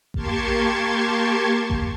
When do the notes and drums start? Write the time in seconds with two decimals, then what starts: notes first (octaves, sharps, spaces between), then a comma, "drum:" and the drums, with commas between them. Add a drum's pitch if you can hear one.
0.14 A#3 G4 A5 C6 C#6 G#6, drum: kick A1
1.70 drum: kick A1